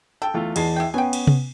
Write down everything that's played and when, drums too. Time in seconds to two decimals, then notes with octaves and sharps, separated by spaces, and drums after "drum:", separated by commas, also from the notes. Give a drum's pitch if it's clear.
0.22 A4 G5
0.34 E2 A3 F4
0.56 E2 G#4 D#5 A5 C7, drum: cymbal
0.76 E4 G5
0.94 B3 C#4 G5 G#5
1.13 drum: cymbal
1.27 drum: tom C3